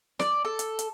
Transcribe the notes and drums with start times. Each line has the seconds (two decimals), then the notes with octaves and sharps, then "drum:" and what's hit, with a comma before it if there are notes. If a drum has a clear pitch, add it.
0.19 D5, drum: snare
0.45 A4
0.59 drum: hi-hat
0.79 drum: hi-hat